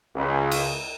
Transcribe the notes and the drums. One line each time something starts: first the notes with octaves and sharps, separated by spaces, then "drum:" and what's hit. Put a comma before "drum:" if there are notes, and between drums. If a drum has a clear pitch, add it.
C#2
drum: cymbal